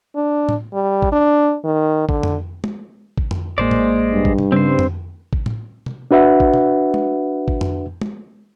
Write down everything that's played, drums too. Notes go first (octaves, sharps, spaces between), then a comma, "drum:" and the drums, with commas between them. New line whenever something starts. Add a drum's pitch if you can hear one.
D4
drum: tom A2
G3
drum: kick
D4
D#3
D3, drum: kick
drum: tom F2
drum: tom G#3
drum: kick
drum: tom F2
A1 G#3 A#3 C5 D5
drum: tom A2
G2
drum: kick
drum: tom
C#3 G3 C4 C5
drum: tom F2
drum: kick
drum: tom A2
drum: tom
D4 F#4 B4 E5 F#5
drum: kick
drum: tom
drum: tom G#3
drum: kick
drum: tom F2
drum: tom G#3